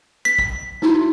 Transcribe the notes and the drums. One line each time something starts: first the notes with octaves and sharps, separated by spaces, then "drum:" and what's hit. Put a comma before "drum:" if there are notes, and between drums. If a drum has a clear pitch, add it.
B6
drum: kick
D#4 E4 F#4, drum: snare